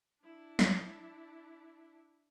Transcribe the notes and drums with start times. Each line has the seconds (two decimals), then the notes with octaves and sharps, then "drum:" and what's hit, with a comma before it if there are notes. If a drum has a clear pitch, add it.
0.23 D4 E4
0.59 drum: snare